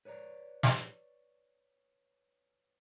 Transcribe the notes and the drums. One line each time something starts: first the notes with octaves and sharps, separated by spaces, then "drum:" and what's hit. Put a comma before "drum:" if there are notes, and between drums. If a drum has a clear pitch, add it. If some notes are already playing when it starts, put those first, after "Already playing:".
B4 C#5 D5 A#5
drum: snare